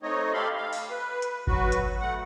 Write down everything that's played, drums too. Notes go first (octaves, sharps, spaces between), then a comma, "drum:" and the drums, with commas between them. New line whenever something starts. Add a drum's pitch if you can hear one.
A3 C4 D#4 C#5 D#5
G4 A4 F5 B5 C6
F5
drum: open hi-hat
B4
drum: hi-hat
F#3 F#4 B4, drum: kick G1
drum: hi-hat
A3 F#5